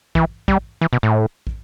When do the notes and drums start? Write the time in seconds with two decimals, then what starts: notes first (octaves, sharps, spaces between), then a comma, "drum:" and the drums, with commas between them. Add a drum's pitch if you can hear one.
0.15 E3, drum: kick
0.48 G3, drum: kick
0.81 E3
0.93 B2
1.03 A2
1.47 drum: kick